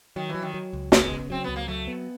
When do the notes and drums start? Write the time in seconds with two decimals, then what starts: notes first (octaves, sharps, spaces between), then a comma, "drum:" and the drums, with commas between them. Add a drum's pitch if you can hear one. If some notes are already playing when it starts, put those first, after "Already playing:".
0.16 D#3 F#3
0.29 E3
0.34 F#3
0.42 D#3
0.54 F#3
0.73 C#2
0.92 G#3 B3, drum: snare
1.11 C#3
1.30 F#3 C4
1.44 C#2 B3
1.56 A#3
1.68 F#3 A3
1.87 B3